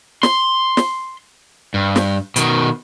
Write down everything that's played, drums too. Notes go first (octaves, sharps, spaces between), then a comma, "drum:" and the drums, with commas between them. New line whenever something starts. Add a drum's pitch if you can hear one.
C6, drum: snare
drum: snare
G2
drum: snare
B2 D#3, drum: hi-hat